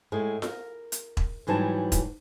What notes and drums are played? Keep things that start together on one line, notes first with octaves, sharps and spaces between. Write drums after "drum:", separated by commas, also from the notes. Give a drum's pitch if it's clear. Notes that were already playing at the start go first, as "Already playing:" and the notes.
A2 G#3
A#4, drum: snare F4
drum: hi-hat
drum: kick E1
G#2 E3 F#3 G3 A5
drum: kick E1, hi-hat